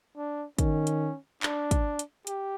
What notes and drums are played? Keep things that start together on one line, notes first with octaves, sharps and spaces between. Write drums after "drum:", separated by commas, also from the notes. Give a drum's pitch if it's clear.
D4
D#3 C#4, drum: kick, hi-hat
drum: hi-hat
D4, drum: clap
drum: kick, hi-hat
drum: hi-hat
G4, drum: hi-hat